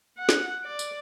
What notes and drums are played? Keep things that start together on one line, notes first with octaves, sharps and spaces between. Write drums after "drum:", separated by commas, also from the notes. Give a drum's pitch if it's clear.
F#5
drum: snare
D5
drum: tambourine